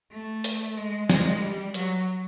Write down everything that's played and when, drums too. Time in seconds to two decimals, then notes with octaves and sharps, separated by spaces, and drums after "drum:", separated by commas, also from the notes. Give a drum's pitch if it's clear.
0.12 A3
0.44 drum: hi-hat
0.77 G#3
1.10 G#3, drum: snare
1.42 G3
1.74 F#3, drum: hi-hat